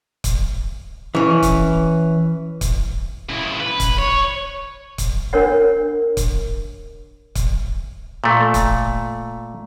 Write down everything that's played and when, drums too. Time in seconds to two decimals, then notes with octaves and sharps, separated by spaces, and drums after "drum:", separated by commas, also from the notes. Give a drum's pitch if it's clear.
0.24 drum: kick C#1, hi-hat
1.15 E3 C#4
1.43 drum: kick C#1, hi-hat
2.61 drum: kick C#1, hi-hat
3.29 C#3 E4
3.60 B4
3.80 drum: kick C#1, hi-hat
3.99 C#5
4.98 drum: kick C#1, hi-hat
5.33 D4 A#4 C#5 F#5
6.17 drum: kick C#1, hi-hat
7.35 drum: kick C#1, hi-hat
8.24 A#2 A3
8.54 drum: kick C#1, hi-hat